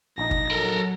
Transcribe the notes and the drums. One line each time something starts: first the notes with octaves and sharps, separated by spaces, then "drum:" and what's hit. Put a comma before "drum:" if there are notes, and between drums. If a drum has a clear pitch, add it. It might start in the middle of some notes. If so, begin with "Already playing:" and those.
A#1 D#4 A#6
drum: kick G1
F#3 A4 A#4